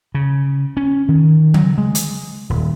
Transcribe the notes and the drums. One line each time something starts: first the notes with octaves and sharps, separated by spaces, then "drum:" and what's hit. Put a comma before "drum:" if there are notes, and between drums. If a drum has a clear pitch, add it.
C#3
C#4
D#3
F#3, drum: tom C#3
G#3
drum: hi-hat
D#1